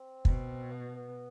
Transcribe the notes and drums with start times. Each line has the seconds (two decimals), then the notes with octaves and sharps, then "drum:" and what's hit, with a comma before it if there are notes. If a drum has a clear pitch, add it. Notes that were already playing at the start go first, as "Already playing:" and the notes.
Already playing: C4
0.25 B2, drum: kick
0.72 B3
0.96 B3